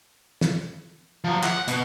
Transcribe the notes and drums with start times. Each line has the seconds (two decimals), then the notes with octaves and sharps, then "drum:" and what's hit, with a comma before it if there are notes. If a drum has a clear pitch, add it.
0.41 drum: snare
1.24 F3 F#3
1.43 F#5, drum: clap
1.68 B2, drum: hi-hat